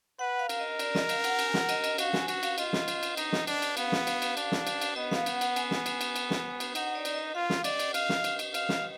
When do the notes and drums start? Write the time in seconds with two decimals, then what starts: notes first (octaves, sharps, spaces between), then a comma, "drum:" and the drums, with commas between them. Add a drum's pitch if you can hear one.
0.19 B4 F#5
0.39 F5
0.49 A#4, drum: cymbal
0.59 D#5
0.79 D5, drum: cymbal
0.95 D#5, drum: snare
1.09 F5, drum: cymbal
1.24 F#5, drum: cymbal
1.39 G#5, drum: cymbal
1.54 F#5, drum: snare
1.69 D#5, drum: cymbal
1.84 D#5, drum: cymbal
1.98 F#4 F5, drum: cymbal
2.13 G#5, drum: snare
2.28 F#4, drum: cymbal
2.43 F5, drum: cymbal
2.58 F4 D#5, drum: cymbal
2.73 drum: snare
2.88 drum: cymbal
3.03 drum: cymbal
3.17 D#4, drum: cymbal
3.33 drum: snare
3.47 D4, drum: cymbal
3.62 drum: cymbal
3.77 B3 F5, drum: cymbal
3.92 drum: snare
4.07 drum: cymbal
4.22 drum: cymbal
4.37 D4, drum: cymbal
4.52 drum: snare
4.67 drum: cymbal
4.81 drum: cymbal
4.96 B3 D#5
5.11 F5, drum: snare
5.26 F#5, drum: cymbal
5.41 F#5, drum: cymbal
5.56 G#5, drum: cymbal
5.71 drum: snare
5.86 drum: cymbal
6.01 drum: cymbal
6.16 drum: cymbal
6.30 drum: snare
6.60 drum: cymbal
6.75 D#4 F#5, drum: cymbal
6.95 D5
7.05 drum: cymbal
7.15 D#5
7.35 F4 F5
7.50 drum: snare
7.64 D5 D#5, drum: cymbal
7.79 drum: cymbal
7.94 D#5 F5, drum: cymbal
8.09 drum: snare
8.24 drum: cymbal
8.39 drum: cymbal
8.54 F5, drum: cymbal
8.69 drum: snare